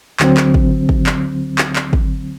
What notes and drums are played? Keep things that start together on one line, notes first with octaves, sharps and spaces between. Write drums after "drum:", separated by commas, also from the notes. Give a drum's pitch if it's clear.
D2 D3 F#3 C4, drum: clap
drum: clap
drum: kick
drum: kick
drum: clap
drum: clap
drum: clap
drum: kick